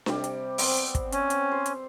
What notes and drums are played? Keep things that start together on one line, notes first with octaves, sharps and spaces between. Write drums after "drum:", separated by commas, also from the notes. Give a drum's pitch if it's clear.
C3 G3 G4, drum: snare D4
drum: hi-hat
B3 C4 G5, drum: open hi-hat
drum: hi-hat
drum: kick, hi-hat
C#4, drum: hi-hat
drum: hi-hat
C5
drum: hi-hat